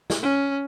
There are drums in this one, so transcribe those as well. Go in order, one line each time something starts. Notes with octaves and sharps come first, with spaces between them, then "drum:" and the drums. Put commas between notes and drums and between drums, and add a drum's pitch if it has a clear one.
drum: snare
C#4